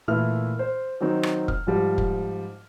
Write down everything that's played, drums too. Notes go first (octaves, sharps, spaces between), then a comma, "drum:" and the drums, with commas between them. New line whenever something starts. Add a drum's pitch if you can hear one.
A#2 E3 A3 E4 F6
C5
D#3 F#3 C4 D#4
drum: rim click
F6, drum: kick
G#2 F3 G3
drum: kick